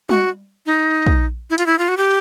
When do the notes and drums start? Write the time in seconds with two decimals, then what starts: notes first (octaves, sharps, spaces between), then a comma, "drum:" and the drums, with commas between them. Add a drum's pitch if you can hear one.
0.09 F#4, drum: tom G3
0.66 D#4
1.06 drum: kick
1.50 E4
1.58 F4, drum: hi-hat
1.66 E4
1.79 F4
1.88 F#4
1.97 G4